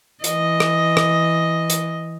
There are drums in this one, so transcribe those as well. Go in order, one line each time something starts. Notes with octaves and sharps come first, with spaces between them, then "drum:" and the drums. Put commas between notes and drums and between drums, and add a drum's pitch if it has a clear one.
E3 D#5, drum: hi-hat
drum: rim click
drum: rim click
drum: hi-hat